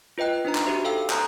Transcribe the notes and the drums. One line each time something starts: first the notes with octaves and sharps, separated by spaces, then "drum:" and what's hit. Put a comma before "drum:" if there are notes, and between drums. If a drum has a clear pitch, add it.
F4 B4 D#5 G5 F#6
D4 D#4 C5 A#5
drum: clap
D#4 F#4 G4 C5 E5
A4 F5 G5 E6
A5 A#5 C6 D#6 F#6 G6, drum: clap